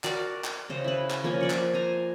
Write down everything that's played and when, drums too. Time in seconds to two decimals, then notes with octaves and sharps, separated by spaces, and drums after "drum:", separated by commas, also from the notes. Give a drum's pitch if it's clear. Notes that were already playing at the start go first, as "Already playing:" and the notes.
0.04 F#4 A#4 D5, drum: clap
0.44 drum: clap
0.69 C#3 C5 D#5
0.84 E4 B4
1.10 drum: clap
1.24 F3 A#3 C#4 G#5
1.41 F3 D5 C#6
1.50 drum: clap
1.73 C5 G#5 A#5